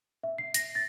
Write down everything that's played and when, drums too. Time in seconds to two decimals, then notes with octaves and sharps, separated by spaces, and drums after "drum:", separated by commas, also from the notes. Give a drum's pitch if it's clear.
0.23 E5
0.38 C7
0.54 A#6, drum: hi-hat
0.75 A6